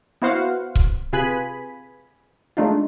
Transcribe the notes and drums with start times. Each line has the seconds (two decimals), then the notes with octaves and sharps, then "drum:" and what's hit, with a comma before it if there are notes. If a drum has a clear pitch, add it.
0.22 B3 E4 F#4 C5 F5 F#5
0.75 drum: kick
1.13 C3 F4 G#4 B4 G#5 B5
2.57 G#3 A3 D4 D#4 F4